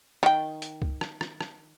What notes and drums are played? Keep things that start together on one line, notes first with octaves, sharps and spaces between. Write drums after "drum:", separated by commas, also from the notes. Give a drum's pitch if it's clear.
D#3 G5, drum: rim click
drum: hi-hat
drum: kick C#2
drum: rim click
drum: rim click
drum: rim click